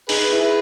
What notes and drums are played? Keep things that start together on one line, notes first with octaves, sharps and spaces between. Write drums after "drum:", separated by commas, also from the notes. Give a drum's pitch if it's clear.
D#4 G#4 B4, drum: open hi-hat
E4
G#4 B4